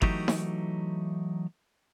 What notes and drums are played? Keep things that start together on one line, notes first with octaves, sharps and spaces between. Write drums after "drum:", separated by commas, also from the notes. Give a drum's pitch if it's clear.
E3 F#3 A3 D#4 G4, drum: kick G1
drum: snare D#4